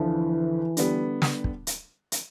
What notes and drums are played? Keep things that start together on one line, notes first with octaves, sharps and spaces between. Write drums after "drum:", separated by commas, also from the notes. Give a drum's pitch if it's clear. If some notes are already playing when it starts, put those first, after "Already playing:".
Already playing: D2 D3 E3 F3
D3 G3 B3, drum: hi-hat
drum: snare
drum: kick
drum: hi-hat
drum: hi-hat